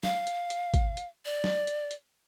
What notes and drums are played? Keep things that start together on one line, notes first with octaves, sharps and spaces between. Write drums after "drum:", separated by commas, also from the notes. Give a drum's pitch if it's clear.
F5, drum: snare
drum: hi-hat
drum: hi-hat
drum: kick, hi-hat
drum: hi-hat
D5
drum: snare
drum: hi-hat
drum: hi-hat